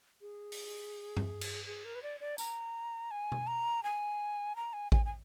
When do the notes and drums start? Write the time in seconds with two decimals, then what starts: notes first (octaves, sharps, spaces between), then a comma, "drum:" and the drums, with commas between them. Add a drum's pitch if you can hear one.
0.21 G#4
0.52 drum: open hi-hat
1.17 drum: tom G2
1.41 drum: cymbal
1.66 G#4
1.85 A#4
1.95 B4
2.03 D5
2.20 D5
2.38 A#5, drum: tambourine
3.11 G#5
3.32 drum: tom B2
3.47 A#5
3.83 G#5
4.56 A#5
4.73 G#5
4.92 G#5, drum: kick A1
5.06 G#5